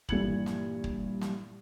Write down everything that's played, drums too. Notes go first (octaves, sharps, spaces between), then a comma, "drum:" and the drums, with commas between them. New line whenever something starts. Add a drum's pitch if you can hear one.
G2 A#2 E3 G#6 C#7 F#7, drum: kick
drum: snare
drum: kick
drum: snare